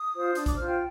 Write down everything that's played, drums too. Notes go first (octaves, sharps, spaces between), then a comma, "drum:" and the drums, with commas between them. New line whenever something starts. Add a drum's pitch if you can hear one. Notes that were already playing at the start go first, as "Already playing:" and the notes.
Already playing: D#6
F4 C5
D4 D#6, drum: hi-hat
D6, drum: kick, hi-hat
F4 C5 F6
G5